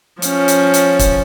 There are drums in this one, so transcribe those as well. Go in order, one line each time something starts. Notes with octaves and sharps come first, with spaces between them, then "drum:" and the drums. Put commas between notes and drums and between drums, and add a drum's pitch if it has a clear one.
F3 C#4, drum: hi-hat
drum: hi-hat
drum: hi-hat
drum: kick, hi-hat